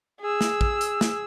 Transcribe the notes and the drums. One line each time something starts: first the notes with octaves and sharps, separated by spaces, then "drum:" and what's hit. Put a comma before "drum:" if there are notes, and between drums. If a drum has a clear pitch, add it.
G#4 E6
drum: snare
drum: kick
drum: hi-hat
drum: snare